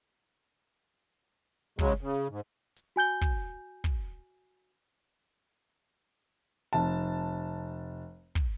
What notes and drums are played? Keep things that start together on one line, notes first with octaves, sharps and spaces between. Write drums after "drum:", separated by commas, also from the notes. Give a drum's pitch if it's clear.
C#3 F#3 G#3, drum: kick
C#3
G#2
drum: hi-hat
F#4 G#5 G6 G7
drum: kick
drum: kick
F1 A5, drum: open hi-hat
drum: kick